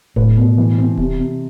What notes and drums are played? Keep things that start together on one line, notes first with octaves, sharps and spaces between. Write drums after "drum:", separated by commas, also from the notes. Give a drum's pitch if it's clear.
A2 B4, drum: kick D#1
B2
E3
C4
C3, drum: kick D#1
C3